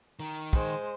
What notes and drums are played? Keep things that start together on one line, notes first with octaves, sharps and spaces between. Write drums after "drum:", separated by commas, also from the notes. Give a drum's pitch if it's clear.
D#3
G#3 C5, drum: kick